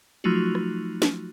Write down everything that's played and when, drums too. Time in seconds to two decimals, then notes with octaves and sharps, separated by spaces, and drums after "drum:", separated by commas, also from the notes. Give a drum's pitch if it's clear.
0.24 F3 F#3 A3 D#4 F4 F#4
0.55 drum: rim click
1.02 drum: snare